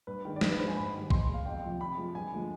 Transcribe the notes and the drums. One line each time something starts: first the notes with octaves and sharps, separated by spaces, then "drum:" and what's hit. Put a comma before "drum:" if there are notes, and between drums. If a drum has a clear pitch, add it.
G2 B4
D#3 G#3
D5
G2 C5, drum: snare
B4
F3 G#3 C5
G#5
G#2 B5
D#3 G3
B2 C6, drum: kick
G#3
F5
F2 G5
C3 F3
C3 B5
F3 G#3
G2 G#5
D3 F3 G#3